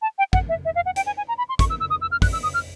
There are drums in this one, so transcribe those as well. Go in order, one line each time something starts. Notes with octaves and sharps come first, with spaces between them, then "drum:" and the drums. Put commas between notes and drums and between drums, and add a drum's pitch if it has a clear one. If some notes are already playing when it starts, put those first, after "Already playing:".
A5
G5
F#5, drum: kick
E5
E5
F5
F#5
G5, drum: hi-hat
G#5
G#5
A#5
B5
C6
C#6, drum: kick, hi-hat
E6
E6
D#6
E6
F6
F#6, drum: kick, open hi-hat
E6
D#6
F6